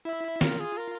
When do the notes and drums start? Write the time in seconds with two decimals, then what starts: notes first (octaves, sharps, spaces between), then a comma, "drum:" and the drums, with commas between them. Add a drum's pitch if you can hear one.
0.05 E4 E5
0.41 F4 A#4, drum: snare
0.60 G#4
0.77 A#4